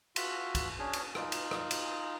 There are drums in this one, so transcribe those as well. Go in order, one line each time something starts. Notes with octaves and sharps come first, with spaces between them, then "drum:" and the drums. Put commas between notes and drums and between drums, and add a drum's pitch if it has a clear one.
F4 F#4 E5, drum: cymbal
drum: kick, cymbal
C#4 D4 G#4
drum: cymbal
D#4 F4, drum: rim click
drum: cymbal
drum: rim click
drum: cymbal